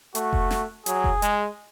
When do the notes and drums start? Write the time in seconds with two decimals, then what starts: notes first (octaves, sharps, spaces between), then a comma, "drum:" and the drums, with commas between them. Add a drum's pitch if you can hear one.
0.15 A3 F#4, drum: hi-hat
0.33 drum: kick F1
0.51 drum: snare
0.86 F#3 G#4, drum: hi-hat
1.04 drum: kick F1
1.22 G#3, drum: hi-hat